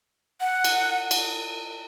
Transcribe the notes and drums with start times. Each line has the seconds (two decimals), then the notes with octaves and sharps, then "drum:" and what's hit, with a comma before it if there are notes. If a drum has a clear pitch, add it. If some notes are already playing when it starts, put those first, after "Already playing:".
0.41 F#5
0.64 drum: cymbal
1.11 drum: cymbal